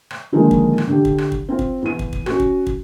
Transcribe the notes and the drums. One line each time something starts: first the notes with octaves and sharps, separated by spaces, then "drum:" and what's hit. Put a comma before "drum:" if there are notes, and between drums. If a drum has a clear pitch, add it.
drum: rim click
D3 D#3 F3 G#3 A#3 D#4
drum: kick
drum: rim click
D3 G4
drum: kick
drum: rim click
drum: kick
C4 F4
drum: kick
E2 D#7
drum: kick
drum: kick
C#4 F#4, drum: rim click
drum: kick
drum: kick